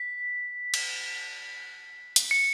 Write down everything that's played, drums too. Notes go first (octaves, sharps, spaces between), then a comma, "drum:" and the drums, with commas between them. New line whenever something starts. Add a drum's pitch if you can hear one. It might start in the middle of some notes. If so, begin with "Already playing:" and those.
Already playing: B6
drum: cymbal
drum: hi-hat
C#7